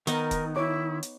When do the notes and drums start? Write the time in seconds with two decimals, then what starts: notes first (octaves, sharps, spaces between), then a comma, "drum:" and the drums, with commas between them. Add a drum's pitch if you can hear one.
0.07 D#3 B3 D#4 A#4 F#5, drum: hi-hat
0.31 drum: kick F1, hi-hat
0.56 E4 C#5 D6
1.03 drum: hi-hat